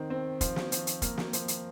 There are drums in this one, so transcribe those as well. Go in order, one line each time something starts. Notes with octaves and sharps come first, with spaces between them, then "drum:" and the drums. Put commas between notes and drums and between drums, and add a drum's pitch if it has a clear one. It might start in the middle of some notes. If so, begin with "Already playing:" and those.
Already playing: D#3 C4
C4
F3, drum: kick, hi-hat
drum: snare
F3, drum: hi-hat
drum: hi-hat
A#3, drum: kick, hi-hat
drum: snare
F3, drum: hi-hat
drum: hi-hat